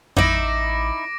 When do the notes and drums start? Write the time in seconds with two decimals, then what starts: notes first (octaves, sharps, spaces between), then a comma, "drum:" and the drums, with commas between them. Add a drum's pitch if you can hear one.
0.17 A1 D#4 E4 D6 A#6 D7, drum: tom F2